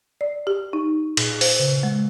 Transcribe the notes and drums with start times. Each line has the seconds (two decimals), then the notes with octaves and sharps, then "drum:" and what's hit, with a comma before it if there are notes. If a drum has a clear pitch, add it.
0.21 D5
0.47 G4
0.73 D#4
1.17 A#2, drum: cymbal
1.41 C5, drum: open hi-hat
1.60 C#3
1.83 G#3